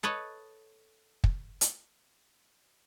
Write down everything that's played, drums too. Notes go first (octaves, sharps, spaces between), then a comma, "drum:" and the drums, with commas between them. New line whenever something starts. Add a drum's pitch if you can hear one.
A4 B4 C#5 D#5
drum: kick
drum: hi-hat